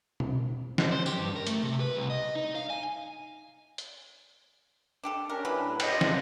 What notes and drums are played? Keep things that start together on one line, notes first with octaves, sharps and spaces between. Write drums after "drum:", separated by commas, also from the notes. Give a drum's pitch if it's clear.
drum: tom B2
drum: snare
C5
G4, drum: tambourine
G2
A#4
A3, drum: hi-hat
C3
B4
C2
D#5
D#4
F5
G#5
drum: hi-hat
D4 G4 A4
C#4 D4 G4 A#4
F#3 E4 B4
A2
A4 D#5 F#5 G5, drum: cymbal
F4 G4 D5
drum: snare